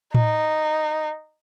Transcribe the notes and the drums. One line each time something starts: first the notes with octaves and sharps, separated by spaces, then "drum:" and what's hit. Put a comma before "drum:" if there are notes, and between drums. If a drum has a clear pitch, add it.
D#4, drum: tom A2